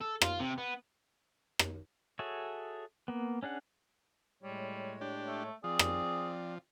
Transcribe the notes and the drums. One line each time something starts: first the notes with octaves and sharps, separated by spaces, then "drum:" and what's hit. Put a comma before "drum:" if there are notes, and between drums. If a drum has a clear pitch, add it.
A4
F4, drum: rim click
C3
B3
drum: rim click
F#4 G#4 A4 C#5 E5
A#3 B3
C#4 D4 G#4 F#5
A2 G3 G#3 C#5
D4 G4
A3
F3 C4 G#4 D5
drum: rim click